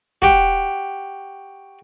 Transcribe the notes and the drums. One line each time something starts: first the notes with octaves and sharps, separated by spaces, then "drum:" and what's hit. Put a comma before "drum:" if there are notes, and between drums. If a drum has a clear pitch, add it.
F#4 G4, drum: kick